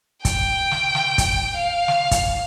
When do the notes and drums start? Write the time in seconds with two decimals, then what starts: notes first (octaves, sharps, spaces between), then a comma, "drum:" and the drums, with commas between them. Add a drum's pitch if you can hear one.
0.25 G5, drum: kick, hi-hat
0.71 drum: snare
0.95 drum: snare
1.18 drum: kick, hi-hat
1.57 F5
1.88 drum: snare
2.11 drum: kick, hi-hat